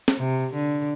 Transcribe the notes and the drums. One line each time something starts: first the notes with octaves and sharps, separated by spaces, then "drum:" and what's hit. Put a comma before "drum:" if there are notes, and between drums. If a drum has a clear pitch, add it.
drum: snare
C3
D3